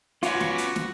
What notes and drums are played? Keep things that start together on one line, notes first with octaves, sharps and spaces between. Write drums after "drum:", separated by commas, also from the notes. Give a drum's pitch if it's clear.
B3 C#4 F4 F#4 C#6 D6, drum: hi-hat
drum: snare
drum: hi-hat
drum: snare